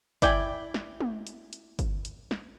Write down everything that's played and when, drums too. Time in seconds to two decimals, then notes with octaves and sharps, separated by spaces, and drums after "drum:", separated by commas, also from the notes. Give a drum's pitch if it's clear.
0.22 E4 D5 G5 G#5, drum: kick G1, hi-hat
0.74 drum: snare
1.00 drum: tom
1.27 drum: hi-hat
1.53 drum: hi-hat
1.79 drum: kick G1, hi-hat
2.05 drum: hi-hat
2.31 drum: snare